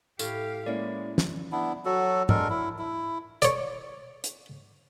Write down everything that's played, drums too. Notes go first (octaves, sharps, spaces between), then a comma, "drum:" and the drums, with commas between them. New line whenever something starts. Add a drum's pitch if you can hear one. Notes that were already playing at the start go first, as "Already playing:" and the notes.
A2 G4 F5, drum: tambourine
G#3 A#3 C#4 E4 D5
drum: snare
B3 D4 E4
F#3 F#4 A4
G#3 D4 A4 A#4, drum: tom G#2
E4
E4
C#5 D5, drum: hi-hat
drum: hi-hat